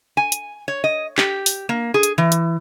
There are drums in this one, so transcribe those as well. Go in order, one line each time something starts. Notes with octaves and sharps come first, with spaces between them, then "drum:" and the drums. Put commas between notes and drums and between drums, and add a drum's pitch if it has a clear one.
G#5
drum: hi-hat
C#5
D#5
G4, drum: clap
drum: open hi-hat
A#3
G#4
drum: hi-hat
E3
drum: hi-hat